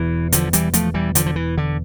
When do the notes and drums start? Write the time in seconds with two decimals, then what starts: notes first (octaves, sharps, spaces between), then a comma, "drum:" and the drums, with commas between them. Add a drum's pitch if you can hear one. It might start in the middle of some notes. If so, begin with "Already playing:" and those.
Already playing: E1 E2 E3
0.32 D3 F3, drum: hi-hat
0.53 E3 G3, drum: hi-hat
0.74 F3 A3, drum: hi-hat
0.94 E3 G3
1.15 D3 F3, drum: hi-hat
1.26 F3
1.36 E3
1.58 D3